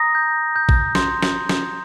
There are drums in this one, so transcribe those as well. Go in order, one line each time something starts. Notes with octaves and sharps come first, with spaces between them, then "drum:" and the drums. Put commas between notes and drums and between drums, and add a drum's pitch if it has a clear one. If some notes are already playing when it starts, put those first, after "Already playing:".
Already playing: A#5 D#6 A#6
G6
G6
drum: kick A1
C6, drum: snare
drum: snare
drum: snare